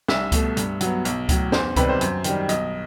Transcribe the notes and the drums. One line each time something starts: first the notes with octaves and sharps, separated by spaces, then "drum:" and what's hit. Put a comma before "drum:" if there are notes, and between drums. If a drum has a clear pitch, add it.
C2 E5, drum: snare
B2 A3, drum: kick C#2, hi-hat
G2, drum: hi-hat
F#3 B3, drum: hi-hat
B1, drum: hi-hat
A2 F#3, drum: kick C#2, hi-hat
E2 C5, drum: snare
C3 D#3 G3 B4, drum: kick C#2, hi-hat
C5
F#2, drum: hi-hat
D#3 G3, drum: hi-hat
B1 D#5, drum: hi-hat